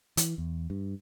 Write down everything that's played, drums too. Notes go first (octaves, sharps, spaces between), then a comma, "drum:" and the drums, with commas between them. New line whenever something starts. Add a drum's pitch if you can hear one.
E3, drum: hi-hat
E2
G2